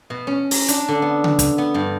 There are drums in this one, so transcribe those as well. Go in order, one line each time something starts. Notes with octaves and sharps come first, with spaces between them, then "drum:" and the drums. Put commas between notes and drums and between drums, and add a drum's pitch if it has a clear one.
B2
C#4
A#5, drum: open hi-hat
D4, drum: hi-hat
D3
B3
drum: tom C#3
drum: kick, hi-hat
B3
G2